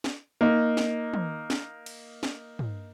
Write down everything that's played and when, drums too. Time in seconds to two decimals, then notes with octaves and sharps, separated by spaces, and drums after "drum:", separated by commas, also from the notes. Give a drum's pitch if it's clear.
0.04 drum: snare
0.41 A#3 D#4
0.77 drum: snare
1.14 drum: tom
1.50 drum: snare
1.86 drum: cymbal
2.23 drum: snare
2.59 drum: tom